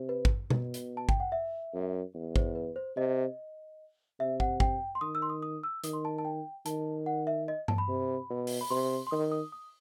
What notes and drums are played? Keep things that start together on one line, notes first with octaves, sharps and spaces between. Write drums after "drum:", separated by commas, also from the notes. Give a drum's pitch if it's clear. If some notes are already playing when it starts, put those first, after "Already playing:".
Already playing: C3
B4
drum: kick
B2, drum: tom B2
drum: hi-hat
A5
G5, drum: kick
F#5
E5
F#2
E2
C5, drum: kick
B4
C5
C3 D#5
C3 E5
F#5, drum: kick
G5, drum: kick
C6
D#3 D#6
E6
C6
D#6
D#6
E6
D#3 D#6, drum: hi-hat
C6
A5
A5
G5
D#3 A5, drum: hi-hat
F#5
E5
D#5
A5, drum: tom G2
B5
C3
B2
drum: open hi-hat
B5
C3 C6
C6
D#3 D#6
D#6
D#6